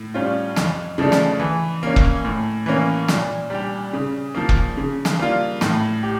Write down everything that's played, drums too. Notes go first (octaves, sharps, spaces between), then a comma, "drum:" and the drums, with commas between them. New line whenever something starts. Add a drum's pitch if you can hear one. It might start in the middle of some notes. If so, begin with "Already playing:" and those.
Already playing: A2
G3 C#4 F4
F2, drum: snare
C#3 F3 A3 D4
drum: snare
E3
A#3 C#4
drum: kick
A2
E3 A#3 C#4
A#2, drum: snare
G3 D4 G4
C#3
F3 A#3
drum: kick
C#3
drum: snare
G3 A#3 D4 F4
A2, drum: snare
G4